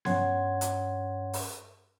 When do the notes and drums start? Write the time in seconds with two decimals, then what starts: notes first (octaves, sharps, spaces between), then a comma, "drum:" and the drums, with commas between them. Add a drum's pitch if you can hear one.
0.05 G2 C#4 C#5 F#5 C6 G#6, drum: snare B3
0.61 drum: hi-hat
1.33 drum: open hi-hat